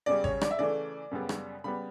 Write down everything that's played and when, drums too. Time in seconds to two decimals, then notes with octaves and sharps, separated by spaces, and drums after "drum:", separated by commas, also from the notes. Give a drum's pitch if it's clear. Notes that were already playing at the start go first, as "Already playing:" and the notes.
0.06 E2 C#3 G3 D5
0.24 C#5, drum: kick G#1
0.41 D5, drum: rim click
0.51 E5
0.59 C#3 E3 A3 D5
1.11 F#2 C#3 G3 B3
1.29 drum: rim click
1.64 C#3 G3 B3 B5